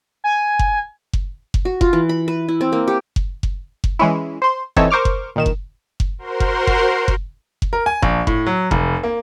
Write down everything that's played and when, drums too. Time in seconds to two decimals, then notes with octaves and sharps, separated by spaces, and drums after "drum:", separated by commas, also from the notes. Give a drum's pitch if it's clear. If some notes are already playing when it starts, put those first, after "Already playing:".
0.24 G#5
0.59 drum: kick F#1
1.13 drum: kick F#1
1.54 drum: kick F#1
1.65 F#4
1.81 F4, drum: kick F#1
1.93 E3
2.09 B5
2.28 B4
2.48 E4
2.61 C4
2.72 A#3
2.88 G4
3.16 drum: kick F#1
3.43 drum: kick F#1
3.84 drum: kick F#1
3.99 E3 G#3 C#4 E4
4.42 C5 C6
4.77 E3 C4 D#4 A4 C#5 E5, drum: kick F#1
4.91 A#4 C5 C#6 D6 F6
5.05 drum: kick F#1
5.36 A#1 D#3 E7
5.46 drum: kick F#1
6.00 drum: kick F#1
6.18 F#4 A#4 C5 C6
6.40 drum: kick F#1
6.67 drum: kick F#1
7.08 drum: kick F#1
7.62 drum: kick F#1
7.73 A#4
7.86 G#5
8.02 A#1, drum: kick F#1
8.27 A2, drum: kick F#1
8.47 F#3
8.71 F1, drum: kick F#1
9.03 A#3